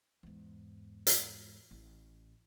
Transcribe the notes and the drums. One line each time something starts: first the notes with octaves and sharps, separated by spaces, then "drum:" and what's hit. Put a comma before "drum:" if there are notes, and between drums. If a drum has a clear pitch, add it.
E2 G#2
drum: hi-hat
A1